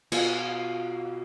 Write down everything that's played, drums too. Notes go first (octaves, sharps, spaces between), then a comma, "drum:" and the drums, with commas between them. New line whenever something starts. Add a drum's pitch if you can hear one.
B2 F4 G#5 B5, drum: cymbal